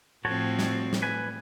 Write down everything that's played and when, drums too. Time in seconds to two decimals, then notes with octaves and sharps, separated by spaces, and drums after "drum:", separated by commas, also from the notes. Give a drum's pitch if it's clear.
0.25 A2 F3 C4 F#4 A4 C#5
0.59 drum: snare
0.93 drum: snare
1.02 B4 G#5